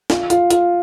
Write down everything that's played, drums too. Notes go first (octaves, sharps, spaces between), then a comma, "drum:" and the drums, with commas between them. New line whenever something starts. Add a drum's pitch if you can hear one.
F4, drum: snare
F4, drum: hi-hat
F4, drum: hi-hat